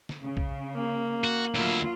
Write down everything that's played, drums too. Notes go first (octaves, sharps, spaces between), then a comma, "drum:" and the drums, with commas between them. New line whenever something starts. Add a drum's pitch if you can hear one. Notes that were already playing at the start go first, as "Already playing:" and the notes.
drum: snare
C#3
drum: kick B1
A#3
F#4
D2 F#3 E4 F4